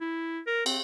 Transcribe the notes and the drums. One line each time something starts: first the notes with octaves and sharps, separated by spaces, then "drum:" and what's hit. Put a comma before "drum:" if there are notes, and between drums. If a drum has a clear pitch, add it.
E4
A#4
C4, drum: cymbal